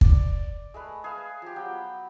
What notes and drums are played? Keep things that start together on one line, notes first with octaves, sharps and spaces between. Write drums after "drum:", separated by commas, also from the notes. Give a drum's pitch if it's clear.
D5, drum: kick
G#3 A3 B4
G#4 B4 E5 F5
F3 G4
F#3 B3 G5